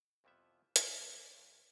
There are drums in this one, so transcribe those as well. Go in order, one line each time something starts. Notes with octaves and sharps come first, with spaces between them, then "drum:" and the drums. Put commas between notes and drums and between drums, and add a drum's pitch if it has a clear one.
C2 F2 E3 F3 B3 E5
A#3, drum: hi-hat
D2 F3 G3 C4 A#5
A#3
G2 G4